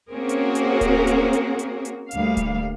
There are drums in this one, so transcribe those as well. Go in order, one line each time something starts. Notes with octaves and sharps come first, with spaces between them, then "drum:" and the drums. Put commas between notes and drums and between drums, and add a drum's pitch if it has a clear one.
A#3 C4 C#4 F#4 G#4 A#4
drum: hi-hat
drum: hi-hat
drum: kick D1, hi-hat
drum: hi-hat
drum: hi-hat
drum: hi-hat
drum: hi-hat
D2 G3 A#3 F5, drum: hi-hat
drum: kick D1, hi-hat